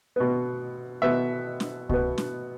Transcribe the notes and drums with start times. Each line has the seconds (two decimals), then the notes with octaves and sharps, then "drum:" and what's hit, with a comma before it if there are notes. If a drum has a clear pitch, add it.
0.16 B2 B3
1.02 B2 B3 E5
1.60 drum: snare
1.89 B2 B3, drum: kick C2
2.18 drum: snare